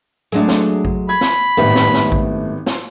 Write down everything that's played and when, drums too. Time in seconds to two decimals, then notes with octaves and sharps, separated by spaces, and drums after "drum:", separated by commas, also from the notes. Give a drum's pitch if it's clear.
0.32 F#3 G#3 A3 D4 G#4
0.48 drum: snare
0.85 drum: kick A1
1.09 B5 G#6
1.21 drum: snare
1.57 G#1 F#2 A2 B3 G4
1.76 drum: snare
1.94 drum: snare
2.12 drum: kick A1
2.66 drum: snare